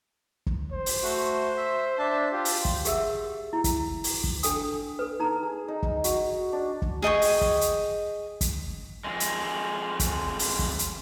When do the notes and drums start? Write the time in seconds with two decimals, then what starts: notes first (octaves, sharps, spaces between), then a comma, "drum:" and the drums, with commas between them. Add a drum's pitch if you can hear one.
0.46 drum: kick
0.72 C5
0.86 drum: open hi-hat
1.03 A3 F#4
1.57 E5
1.98 D4 E5 A5
2.32 F4 G4
2.45 drum: open hi-hat
2.65 drum: kick
2.85 G4 G#4 A#4 E5 F#5 E6, drum: hi-hat
3.53 E4
3.64 drum: kick, hi-hat
4.04 drum: open hi-hat
4.24 drum: kick
4.43 D4 A4 G5 D#6, drum: hi-hat
4.99 A4 B4
5.20 D#4 A#5
5.43 G#4
5.68 D#4
5.83 drum: kick
6.04 F#4, drum: hi-hat
6.53 D4
6.82 drum: kick
7.02 G#4 D#5 G5 C#6
7.22 drum: open hi-hat
7.41 drum: kick
7.61 drum: hi-hat
8.41 drum: kick, hi-hat
9.05 F2 G#3
9.20 drum: hi-hat
10.00 drum: kick, hi-hat
10.39 drum: open hi-hat
10.59 drum: kick
10.79 drum: hi-hat